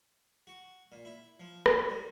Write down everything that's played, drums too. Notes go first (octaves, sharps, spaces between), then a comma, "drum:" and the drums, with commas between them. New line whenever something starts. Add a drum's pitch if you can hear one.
F#4
A#2
E4
F3
A2, drum: rim click
G3